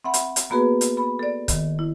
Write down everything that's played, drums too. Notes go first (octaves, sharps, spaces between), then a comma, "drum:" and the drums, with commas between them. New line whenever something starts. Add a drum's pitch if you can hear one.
C4 E5 F#5 B5
drum: hi-hat
drum: hi-hat
A#3 B3 F#4 G#4 B4
drum: hi-hat
B5
A4 D5
D#3, drum: kick C#1, hi-hat
E4